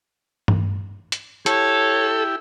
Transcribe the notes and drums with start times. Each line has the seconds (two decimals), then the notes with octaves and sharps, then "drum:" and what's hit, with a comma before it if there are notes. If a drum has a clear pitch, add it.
0.48 drum: tom G2
1.12 drum: hi-hat
1.46 E4 G4 A4 C#5, drum: hi-hat